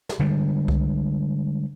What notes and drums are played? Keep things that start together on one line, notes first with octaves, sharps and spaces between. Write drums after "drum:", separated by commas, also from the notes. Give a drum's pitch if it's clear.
drum: snare
D3 G3 G#3
drum: kick C2